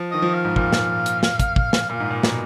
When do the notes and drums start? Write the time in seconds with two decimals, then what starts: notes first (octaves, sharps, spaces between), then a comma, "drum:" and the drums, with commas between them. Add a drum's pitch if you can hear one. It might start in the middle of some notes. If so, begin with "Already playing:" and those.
Already playing: F3
0.11 D#3 D#5
0.22 F3
0.34 F5
0.45 G#2
0.56 A#2 F5, drum: kick
0.73 drum: snare
1.06 drum: hi-hat
1.23 drum: snare
1.39 drum: kick, hi-hat
1.56 drum: kick
1.73 drum: snare
1.90 A#2 F5
2.00 G#2
2.11 A#2
2.23 B2, drum: snare